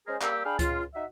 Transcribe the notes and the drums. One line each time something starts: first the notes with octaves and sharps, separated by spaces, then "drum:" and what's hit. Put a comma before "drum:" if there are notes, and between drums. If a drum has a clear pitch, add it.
G#3 C#4 G#4 A#4 C5
G3 A#3 G4 E6, drum: clap
D4 G#4 F5 G5 B5
C#2 F4, drum: kick C#2, hi-hat
D#4 F#4 E5